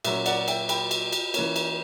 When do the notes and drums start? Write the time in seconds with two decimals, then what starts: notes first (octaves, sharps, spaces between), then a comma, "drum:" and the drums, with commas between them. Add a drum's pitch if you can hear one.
0.04 A#2 F#3 C#4 E5, drum: cymbal
0.26 D5 F#5, drum: cymbal
0.37 F#5
0.48 E5 G5, drum: cymbal
0.69 G5 B5, drum: cymbal
0.91 drum: cymbal
1.13 drum: cymbal
1.34 E3 A#3 C#4, drum: cymbal
1.56 drum: cymbal